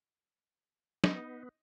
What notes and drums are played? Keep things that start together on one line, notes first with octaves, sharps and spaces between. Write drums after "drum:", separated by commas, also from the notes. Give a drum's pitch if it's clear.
B3 D#4, drum: snare